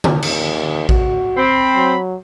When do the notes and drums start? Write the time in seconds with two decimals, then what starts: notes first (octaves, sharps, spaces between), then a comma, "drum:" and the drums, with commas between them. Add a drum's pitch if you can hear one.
0.04 drum: tom D3
0.22 D#2, drum: cymbal
0.89 F#4, drum: kick A1
1.37 C4 B5
1.75 F#3